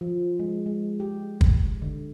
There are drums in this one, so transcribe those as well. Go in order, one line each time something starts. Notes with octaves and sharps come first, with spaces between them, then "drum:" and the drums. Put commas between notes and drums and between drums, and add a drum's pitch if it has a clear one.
F3
G#3
G#3
G4
drum: kick
D3